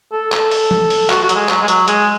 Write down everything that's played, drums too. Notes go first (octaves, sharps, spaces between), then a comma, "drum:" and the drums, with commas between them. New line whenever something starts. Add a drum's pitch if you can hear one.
A4
A4, drum: clap
drum: open hi-hat
drum: tom E3
drum: open hi-hat
F#4, drum: clap
F#4
F#3, drum: hi-hat
G#3
F#3, drum: clap
G#3
F#3, drum: hi-hat
G#3, drum: hi-hat